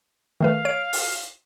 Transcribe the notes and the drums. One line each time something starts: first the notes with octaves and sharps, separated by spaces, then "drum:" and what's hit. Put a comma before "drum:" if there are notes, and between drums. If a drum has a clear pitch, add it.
D#3 A3 B4 F5
C#5 D7
drum: open hi-hat